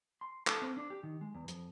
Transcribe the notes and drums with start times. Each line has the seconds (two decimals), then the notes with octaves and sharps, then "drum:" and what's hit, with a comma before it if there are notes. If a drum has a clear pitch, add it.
0.21 C6
0.47 A4, drum: clap
0.62 C4
0.77 D4
0.90 G4
1.03 D#3
1.21 G#3
1.35 E2
1.48 F2, drum: hi-hat